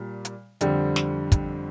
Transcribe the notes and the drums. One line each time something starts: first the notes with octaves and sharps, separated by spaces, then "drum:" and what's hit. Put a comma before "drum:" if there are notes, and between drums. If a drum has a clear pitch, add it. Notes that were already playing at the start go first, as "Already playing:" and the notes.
Already playing: A#2 G3
drum: hi-hat
F2 D3 G3 C4, drum: hi-hat
drum: snare
drum: kick, hi-hat